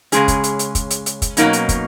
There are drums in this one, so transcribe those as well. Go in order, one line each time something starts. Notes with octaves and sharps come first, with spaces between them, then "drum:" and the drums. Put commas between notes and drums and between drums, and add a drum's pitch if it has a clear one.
C#3 G#3 C#4 G#4, drum: hi-hat
drum: kick, hi-hat
drum: hi-hat
drum: hi-hat
drum: kick, hi-hat
drum: hi-hat
drum: hi-hat
drum: kick, hi-hat
B2 F#3 A#3 C#4 D#4, drum: hi-hat
drum: hi-hat
drum: kick, hi-hat